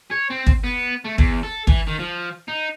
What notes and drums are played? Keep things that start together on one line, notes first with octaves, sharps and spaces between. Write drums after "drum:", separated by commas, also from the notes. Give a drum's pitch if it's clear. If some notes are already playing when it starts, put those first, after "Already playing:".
C#5
C4
drum: kick
B3
A3
E2, drum: kick
A4
E3, drum: kick
D#3
F3
D#4